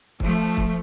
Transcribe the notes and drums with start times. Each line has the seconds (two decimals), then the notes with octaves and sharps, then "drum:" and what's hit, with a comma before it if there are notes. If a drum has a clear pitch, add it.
0.20 F3 A3, drum: kick
0.57 drum: kick